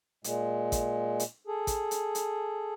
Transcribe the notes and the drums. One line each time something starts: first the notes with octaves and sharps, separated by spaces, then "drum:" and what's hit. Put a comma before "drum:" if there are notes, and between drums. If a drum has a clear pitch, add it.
A#2 G#3, drum: hi-hat
drum: kick A1, hi-hat
drum: hi-hat
G#4 A4
drum: kick A1, hi-hat
drum: hi-hat
drum: hi-hat